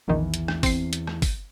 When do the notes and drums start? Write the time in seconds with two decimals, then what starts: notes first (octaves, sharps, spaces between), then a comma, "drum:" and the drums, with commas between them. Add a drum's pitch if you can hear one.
0.08 A#1 E2 D#3 E3
0.34 drum: hi-hat
0.48 drum: rim click
0.63 C4 C7, drum: kick, open hi-hat
0.93 drum: hi-hat
1.07 drum: rim click
1.22 drum: kick, open hi-hat